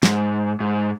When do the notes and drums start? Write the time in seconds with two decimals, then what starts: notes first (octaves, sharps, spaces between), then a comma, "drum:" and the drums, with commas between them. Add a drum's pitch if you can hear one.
0.03 G#2, drum: snare
0.60 G#2